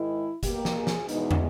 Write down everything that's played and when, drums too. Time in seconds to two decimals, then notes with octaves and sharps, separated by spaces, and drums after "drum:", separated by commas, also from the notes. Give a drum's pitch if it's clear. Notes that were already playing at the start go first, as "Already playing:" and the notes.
Already playing: G#2 D#3 G#3 E4
0.43 B2 A#3 G4, drum: kick F#1, hi-hat
0.65 drum: snare
0.76 G#4
0.87 drum: snare
1.09 E2 B2 G#3 B3 D#4, drum: hi-hat
1.31 drum: tom